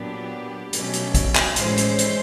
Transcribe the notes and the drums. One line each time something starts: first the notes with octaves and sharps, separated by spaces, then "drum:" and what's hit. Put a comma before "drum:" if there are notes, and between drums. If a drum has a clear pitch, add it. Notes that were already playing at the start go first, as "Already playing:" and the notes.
Already playing: A#2 F#3 B3 D4 G4
B2 F#3 A3 C#4, drum: hi-hat
drum: hi-hat
drum: kick, hi-hat
drum: clap
A2 E3 G#3 C#4 C5, drum: hi-hat
drum: hi-hat
drum: hi-hat